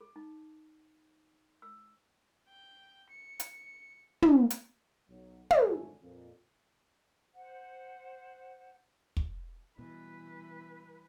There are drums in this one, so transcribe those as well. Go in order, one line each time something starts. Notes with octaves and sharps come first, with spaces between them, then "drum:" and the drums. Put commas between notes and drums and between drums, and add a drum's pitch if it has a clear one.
G#4
D#4
E6
G5
C#7
drum: hi-hat
drum: tom
drum: hi-hat
B1 F#3
G#1 F2 D3 F#3 A3 G#5, drum: tom
F2 A#2
C5 F#5
drum: kick
B2 E3 G3 B4